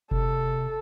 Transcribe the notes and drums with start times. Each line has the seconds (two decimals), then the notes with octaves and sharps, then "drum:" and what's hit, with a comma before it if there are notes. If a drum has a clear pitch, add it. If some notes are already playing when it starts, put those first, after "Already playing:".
0.11 C3 A4, drum: kick F#1